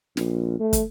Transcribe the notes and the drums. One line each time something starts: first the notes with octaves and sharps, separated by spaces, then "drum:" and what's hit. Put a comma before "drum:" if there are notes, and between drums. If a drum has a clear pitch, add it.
A#1, drum: snare
A3
drum: kick, hi-hat